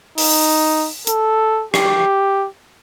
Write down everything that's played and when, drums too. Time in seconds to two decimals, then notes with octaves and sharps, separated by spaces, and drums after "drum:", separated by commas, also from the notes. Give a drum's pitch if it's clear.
0.18 D#4, drum: open hi-hat
1.07 A4, drum: hi-hat
1.74 G4, drum: rim click